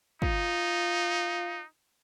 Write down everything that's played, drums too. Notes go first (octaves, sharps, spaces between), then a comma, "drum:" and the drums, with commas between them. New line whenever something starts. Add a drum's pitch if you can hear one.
D#4 F4, drum: kick